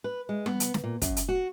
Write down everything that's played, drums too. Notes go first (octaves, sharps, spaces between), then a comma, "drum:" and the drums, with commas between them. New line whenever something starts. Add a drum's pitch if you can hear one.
B4
G#3
B3, drum: tom G3
drum: hi-hat
drum: snare
A#2
F#2, drum: kick, hi-hat
drum: hi-hat
F#4